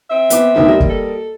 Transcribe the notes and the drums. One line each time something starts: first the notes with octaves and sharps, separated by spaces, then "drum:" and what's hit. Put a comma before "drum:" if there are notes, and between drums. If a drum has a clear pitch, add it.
C4 E5
B3 D6, drum: hi-hat
D2 D#3 B3
G3 A#3 D#5
drum: kick
A4